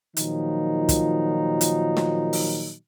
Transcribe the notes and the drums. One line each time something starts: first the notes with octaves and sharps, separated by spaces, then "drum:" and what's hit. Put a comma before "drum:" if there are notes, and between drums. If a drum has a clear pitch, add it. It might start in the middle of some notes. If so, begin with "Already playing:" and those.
A#2 D#3 F3 F#3 D#4, drum: hi-hat
drum: kick, hi-hat
drum: hi-hat
drum: snare
drum: open hi-hat